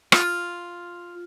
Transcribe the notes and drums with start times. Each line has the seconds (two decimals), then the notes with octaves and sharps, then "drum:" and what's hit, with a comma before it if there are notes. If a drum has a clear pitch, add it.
0.12 F4, drum: rim click